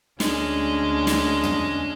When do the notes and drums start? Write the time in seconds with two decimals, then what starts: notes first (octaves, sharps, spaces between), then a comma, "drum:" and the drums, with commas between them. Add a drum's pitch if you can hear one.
0.20 D2 G#3 C#4 D4, drum: snare
1.07 drum: snare
1.43 drum: tom